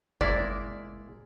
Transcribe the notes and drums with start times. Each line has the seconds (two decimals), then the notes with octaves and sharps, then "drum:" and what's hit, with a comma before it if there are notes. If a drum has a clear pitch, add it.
0.21 G#3 A#3 E4 D5, drum: kick G1